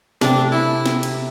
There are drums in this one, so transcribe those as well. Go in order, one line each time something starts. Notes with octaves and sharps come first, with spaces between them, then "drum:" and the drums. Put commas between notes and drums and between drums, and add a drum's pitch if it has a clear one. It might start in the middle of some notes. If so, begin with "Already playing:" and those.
C3 A3 C4 D4 G4, drum: snare
E4
drum: snare
drum: cymbal